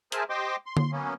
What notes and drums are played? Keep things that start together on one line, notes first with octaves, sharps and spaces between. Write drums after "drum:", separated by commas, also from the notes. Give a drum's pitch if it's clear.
G#4 A#4 C5 E5 G#5 A5, drum: hi-hat
G4 C5 D#5 G5 C6 D6
C6
drum: tom D3
F#3 A#3 B3 C#4